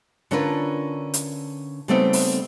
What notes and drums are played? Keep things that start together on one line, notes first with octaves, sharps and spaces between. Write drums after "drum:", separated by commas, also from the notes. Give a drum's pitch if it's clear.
D3 C#4 D4 F4 A#4 B4
drum: hi-hat
C#3 G3 A3 B3 C4 D#4
drum: open hi-hat